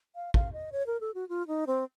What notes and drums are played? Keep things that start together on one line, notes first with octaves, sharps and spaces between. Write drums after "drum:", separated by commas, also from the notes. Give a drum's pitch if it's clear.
F5
F5, drum: kick
D#5
C#5
A#4
A4
F#4
F4
D#4
C4